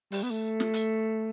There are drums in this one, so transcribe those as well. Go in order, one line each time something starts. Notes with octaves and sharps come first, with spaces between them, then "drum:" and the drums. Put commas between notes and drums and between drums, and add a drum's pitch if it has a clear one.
G3, drum: open hi-hat
B3
A3
drum: snare
drum: hi-hat